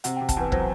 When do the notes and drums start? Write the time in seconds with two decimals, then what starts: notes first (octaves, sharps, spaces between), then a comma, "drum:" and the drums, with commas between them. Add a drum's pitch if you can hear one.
0.04 C3 F#5, drum: hi-hat
0.17 C3 G5
0.29 A5, drum: kick, hi-hat
0.37 E2 B4
0.52 F#3 C5, drum: kick